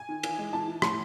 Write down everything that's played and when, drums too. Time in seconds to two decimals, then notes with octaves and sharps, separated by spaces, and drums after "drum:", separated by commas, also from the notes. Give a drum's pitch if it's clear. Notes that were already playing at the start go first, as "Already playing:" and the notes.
Already playing: G#5
0.09 D#3
0.23 E3, drum: cymbal
0.38 G#3
0.53 E3 A5
0.68 E3
0.82 A2 C6, drum: rim click